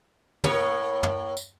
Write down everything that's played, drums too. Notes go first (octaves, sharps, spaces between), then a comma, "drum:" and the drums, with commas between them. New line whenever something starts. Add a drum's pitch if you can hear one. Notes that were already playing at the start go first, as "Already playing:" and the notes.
A2 A#3 C#5, drum: tom
drum: tom
drum: tambourine